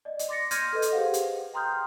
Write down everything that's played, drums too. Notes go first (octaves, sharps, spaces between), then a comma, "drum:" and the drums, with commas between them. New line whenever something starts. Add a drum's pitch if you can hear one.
D5 D#5
drum: hi-hat
C6 D6 A6 A#6 C#7
C6 F6 G6 G#6 A#6 D#7, drum: hi-hat
A4 B4 D#5
drum: hi-hat
G4 G#4 B4 C5 F5 F#5
drum: hi-hat
G5 A#5 C6 D#6 F6 G6